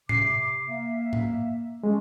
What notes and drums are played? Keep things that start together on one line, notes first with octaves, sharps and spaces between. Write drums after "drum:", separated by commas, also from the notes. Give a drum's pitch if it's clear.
C3 D6 C7, drum: tom A2
A#3 E5
drum: tom A2
G#3 C#4 D4